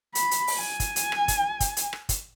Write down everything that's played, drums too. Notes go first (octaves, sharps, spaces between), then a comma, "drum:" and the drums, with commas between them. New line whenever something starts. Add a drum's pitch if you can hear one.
B5, drum: hi-hat
drum: hi-hat
drum: open hi-hat
G#5
drum: kick, hi-hat
drum: hi-hat
drum: rim click
drum: kick, hi-hat
drum: kick, hi-hat
drum: hi-hat
drum: rim click
drum: kick, hi-hat